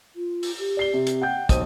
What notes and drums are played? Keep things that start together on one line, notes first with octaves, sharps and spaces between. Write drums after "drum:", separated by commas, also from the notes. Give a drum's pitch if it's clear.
F4
drum: open hi-hat
G4
D5 C7 G7
C3
drum: hi-hat
F#5 G5 G6
B1 C5 D#6 D#7, drum: kick, hi-hat